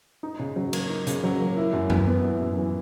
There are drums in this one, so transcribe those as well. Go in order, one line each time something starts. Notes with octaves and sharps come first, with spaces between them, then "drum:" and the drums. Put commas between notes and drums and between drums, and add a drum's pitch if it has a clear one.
D#4
C#3
F#3
A#3, drum: cymbal
D#4
C#3, drum: hi-hat
F#3
A#3
E4
F#2
E3, drum: tom F#2
B3
E4
F#2
E3